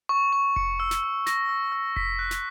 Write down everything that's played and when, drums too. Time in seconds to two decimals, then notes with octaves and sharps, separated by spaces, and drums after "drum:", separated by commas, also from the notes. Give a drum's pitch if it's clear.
0.09 C#6
0.33 C#6
0.56 C#7, drum: kick F1
0.80 E6
0.91 drum: snare
1.03 E6
1.27 A#6, drum: snare
1.49 E6
1.72 E6
1.96 B6, drum: kick F1
2.19 F#6
2.31 drum: snare